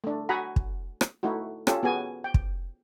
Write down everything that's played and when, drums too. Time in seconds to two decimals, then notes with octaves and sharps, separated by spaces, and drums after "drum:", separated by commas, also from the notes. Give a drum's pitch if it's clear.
0.04 A3 D4
0.29 F#4 F#5 G#5 A#5 B5
0.56 drum: kick
1.01 drum: rim click
1.23 A3 D#4 E4 F#4
1.67 C#4 F4 G4 A4, drum: rim click
1.83 B3 F#4 G#4 G#5
2.24 G5
2.34 drum: kick